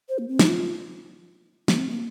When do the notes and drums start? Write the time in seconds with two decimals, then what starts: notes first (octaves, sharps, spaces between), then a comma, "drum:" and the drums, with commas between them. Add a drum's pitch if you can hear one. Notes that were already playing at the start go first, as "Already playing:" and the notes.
0.09 C5
0.18 A#3
0.28 C4
0.39 D#4, drum: snare
0.49 F4
1.68 A#3, drum: snare
1.79 C4
1.89 A#3